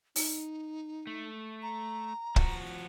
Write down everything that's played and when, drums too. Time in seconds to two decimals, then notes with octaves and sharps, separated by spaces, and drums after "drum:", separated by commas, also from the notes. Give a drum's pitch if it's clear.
0.16 D#4, drum: open hi-hat
1.07 A3
1.62 A#5
2.36 F3 F#4, drum: kick